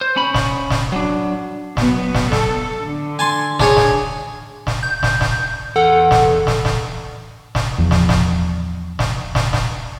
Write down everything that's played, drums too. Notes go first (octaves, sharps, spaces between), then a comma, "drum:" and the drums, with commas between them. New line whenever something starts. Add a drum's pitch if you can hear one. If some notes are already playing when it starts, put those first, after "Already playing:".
C5
C#4 B5
drum: snare
drum: snare
F#3 D4
F#3 B3, drum: snare
drum: snare
A4, drum: snare
D3
G#5 A5 C6
D4 G#4 C#5, drum: snare
drum: snare
drum: snare
G6
drum: snare
drum: snare
E2 A4 F#5
drum: snare
drum: snare
drum: snare
drum: snare
E2 F3
drum: snare
drum: snare
drum: snare
drum: snare
drum: snare